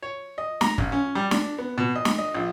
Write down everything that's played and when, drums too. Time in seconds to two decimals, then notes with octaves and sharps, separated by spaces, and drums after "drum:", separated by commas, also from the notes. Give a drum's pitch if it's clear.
0.03 C#5
0.38 D#5
0.61 A#5, drum: snare
0.78 A1, drum: kick G1
0.92 C#4
1.15 G3
1.31 D4, drum: snare
1.59 B3
1.78 B2
1.95 D#5
2.05 drum: snare
2.18 D#5
2.34 A#1